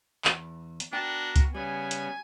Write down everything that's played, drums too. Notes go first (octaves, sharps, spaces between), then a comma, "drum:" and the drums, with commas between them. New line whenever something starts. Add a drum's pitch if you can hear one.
E2 A5 B5, drum: clap
drum: hi-hat
B3 D4 F#4 A#4 G5
drum: kick C#2, hi-hat
C#3 G3 B3 G#5
drum: hi-hat